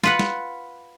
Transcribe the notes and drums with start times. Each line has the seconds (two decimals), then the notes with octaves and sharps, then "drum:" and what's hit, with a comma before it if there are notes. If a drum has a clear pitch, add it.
0.04 F4 B4 F#5, drum: snare
0.19 drum: snare